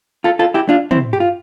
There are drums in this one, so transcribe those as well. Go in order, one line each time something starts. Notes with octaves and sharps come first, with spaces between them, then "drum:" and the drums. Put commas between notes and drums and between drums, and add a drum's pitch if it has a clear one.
F4 A4
F4 A4
E4 G4
D4 F4
C4 E4, drum: tom
G4
F4